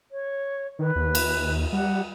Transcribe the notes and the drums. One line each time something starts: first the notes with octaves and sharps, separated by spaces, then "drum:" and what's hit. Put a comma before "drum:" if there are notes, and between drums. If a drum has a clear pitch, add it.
C#5
D#3 B4
D#2
drum: cymbal
G3 F#5